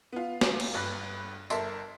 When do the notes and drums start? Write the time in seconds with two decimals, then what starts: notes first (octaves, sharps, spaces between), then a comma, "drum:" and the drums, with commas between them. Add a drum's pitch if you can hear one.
0.13 B3 F4
0.41 drum: snare
0.60 drum: cymbal
0.74 G1 G2 B5 F#6
1.50 G1 A#4 E5 A5 C6, drum: tambourine